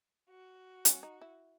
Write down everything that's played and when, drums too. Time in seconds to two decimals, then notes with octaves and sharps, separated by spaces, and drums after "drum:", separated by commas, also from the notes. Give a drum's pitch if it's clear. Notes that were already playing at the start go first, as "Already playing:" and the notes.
0.30 F#4
0.85 C#4, drum: hi-hat
1.03 D#4
1.21 E4